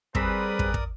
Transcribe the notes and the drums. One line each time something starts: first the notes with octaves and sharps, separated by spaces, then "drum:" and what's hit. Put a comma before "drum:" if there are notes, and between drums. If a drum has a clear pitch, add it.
G3 C4 G#4 A#4 B4 D5 B5 D#6, drum: kick
drum: kick
drum: kick